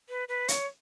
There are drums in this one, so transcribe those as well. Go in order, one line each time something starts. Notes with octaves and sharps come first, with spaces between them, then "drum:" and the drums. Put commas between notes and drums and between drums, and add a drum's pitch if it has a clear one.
B4
B4
C#5, drum: hi-hat